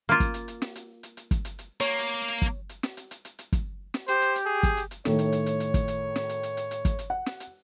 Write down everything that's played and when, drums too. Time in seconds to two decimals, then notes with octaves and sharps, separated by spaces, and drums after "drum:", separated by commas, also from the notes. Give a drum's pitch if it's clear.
0.09 A#3 F4
0.20 drum: kick, hi-hat
0.34 drum: hi-hat
0.48 drum: hi-hat
0.62 drum: snare
0.76 drum: hi-hat
1.03 drum: hi-hat
1.17 drum: hi-hat
1.31 drum: kick, hi-hat
1.45 drum: hi-hat
1.59 drum: hi-hat
1.81 A#3 C#5
2.00 drum: hi-hat
2.28 drum: hi-hat
2.42 drum: kick, hi-hat
2.69 drum: hi-hat
2.83 drum: snare
2.97 drum: hi-hat
3.11 drum: hi-hat
3.25 drum: hi-hat
3.39 drum: hi-hat
3.52 drum: kick, hi-hat
3.94 drum: snare
4.08 G4 C5, drum: hi-hat
4.22 drum: hi-hat
4.36 drum: hi-hat
4.46 G#4
4.63 drum: kick, hi-hat
4.77 drum: hi-hat
4.91 drum: hi-hat
5.05 A2 D#3 A3 C#5, drum: snare
5.19 drum: hi-hat
5.32 drum: hi-hat
5.46 drum: hi-hat
5.60 drum: hi-hat
5.74 drum: kick, hi-hat
5.88 drum: hi-hat
6.16 drum: snare
6.29 drum: hi-hat
6.43 drum: hi-hat
6.57 drum: hi-hat
6.71 drum: hi-hat
6.85 drum: kick, hi-hat
6.99 drum: hi-hat
7.10 F#5
7.26 drum: snare
7.40 drum: hi-hat